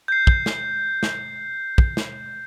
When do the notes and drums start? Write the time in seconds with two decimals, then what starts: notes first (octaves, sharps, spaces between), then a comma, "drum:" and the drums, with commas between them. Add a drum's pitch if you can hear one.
0.08 G6 C7
0.27 drum: kick
0.46 drum: snare
1.03 drum: snare
1.78 drum: kick
1.97 drum: snare